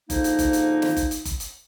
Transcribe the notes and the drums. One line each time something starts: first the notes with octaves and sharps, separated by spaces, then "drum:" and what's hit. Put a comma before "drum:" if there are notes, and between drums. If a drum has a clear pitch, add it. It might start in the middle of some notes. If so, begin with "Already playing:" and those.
G#2 D3 F3 A#3 D#4, drum: kick F#1, hi-hat
drum: hi-hat
drum: kick F#1, hi-hat
drum: hi-hat
drum: snare
drum: kick F#1, hi-hat
drum: hi-hat
drum: kick F#1, hi-hat
drum: hi-hat